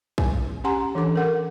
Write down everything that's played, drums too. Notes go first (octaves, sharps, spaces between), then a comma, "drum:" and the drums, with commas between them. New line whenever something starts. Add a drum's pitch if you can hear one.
G#5, drum: kick
C#4 G4 F#5 G#5 A#5 C6
E3 D4 A4 D6
A#4 F#5